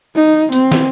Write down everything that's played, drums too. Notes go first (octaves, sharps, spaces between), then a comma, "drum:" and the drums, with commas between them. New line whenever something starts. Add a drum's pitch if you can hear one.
D#4
C4, drum: tambourine
drum: snare